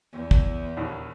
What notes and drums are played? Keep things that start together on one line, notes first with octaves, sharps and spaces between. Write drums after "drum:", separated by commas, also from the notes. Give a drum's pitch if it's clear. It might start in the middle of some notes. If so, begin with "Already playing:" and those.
E2
drum: kick
A#1 D#2